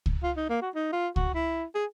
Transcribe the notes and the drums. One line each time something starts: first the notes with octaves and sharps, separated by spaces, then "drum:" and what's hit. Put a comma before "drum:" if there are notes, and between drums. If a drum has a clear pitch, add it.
drum: kick C#2
F4
D#4
A#3
F#4
D#4
F4
F#4, drum: kick C#2
E4
G#4